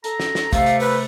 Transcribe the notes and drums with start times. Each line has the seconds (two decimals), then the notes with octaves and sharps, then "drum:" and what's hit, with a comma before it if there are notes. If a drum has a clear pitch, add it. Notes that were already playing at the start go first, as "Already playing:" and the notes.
0.04 A4 A#5, drum: hi-hat
0.20 drum: snare
0.35 drum: snare
0.53 C3 A3 F5, drum: kick, hi-hat
0.66 drum: hi-hat
0.80 B4, drum: open hi-hat